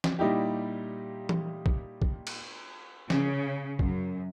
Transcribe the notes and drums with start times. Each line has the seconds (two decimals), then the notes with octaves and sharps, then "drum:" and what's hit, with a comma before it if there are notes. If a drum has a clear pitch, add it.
0.04 drum: snare
0.19 A#2 G3 D#4 E4 G4
1.29 drum: tom E3
1.66 drum: kick
2.02 drum: kick
2.27 drum: cymbal
3.10 C#3, drum: snare
3.79 F#2, drum: kick